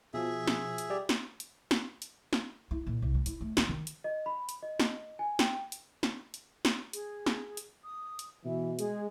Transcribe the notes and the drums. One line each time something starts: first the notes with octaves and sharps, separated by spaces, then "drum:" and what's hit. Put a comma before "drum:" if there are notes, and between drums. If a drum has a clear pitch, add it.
B2 F3 G#4 E5
drum: snare
drum: hi-hat
G3 G4 D5
drum: snare
drum: hi-hat
drum: snare
drum: hi-hat
drum: snare
E4
A#2
C2
G#3
E4, drum: hi-hat
A3
D#3, drum: snare
D#3
drum: hi-hat
D#5
B5
drum: hi-hat
D#5
drum: snare
G#5
G5, drum: snare
drum: hi-hat
drum: snare
drum: hi-hat
drum: snare
G#4, drum: hi-hat
drum: snare
drum: hi-hat
D#6
drum: hi-hat
B2 E3 E5
G#3 G#4, drum: hi-hat